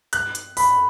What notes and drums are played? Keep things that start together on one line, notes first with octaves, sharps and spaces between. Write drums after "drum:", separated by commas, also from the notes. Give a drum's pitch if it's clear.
F#6, drum: hi-hat
drum: hi-hat
B5, drum: open hi-hat